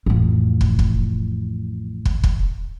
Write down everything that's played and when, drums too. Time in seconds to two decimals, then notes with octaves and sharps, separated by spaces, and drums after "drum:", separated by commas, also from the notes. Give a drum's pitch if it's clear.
0.06 A1 F2
0.61 drum: kick
0.79 drum: kick
2.05 drum: kick
2.24 drum: kick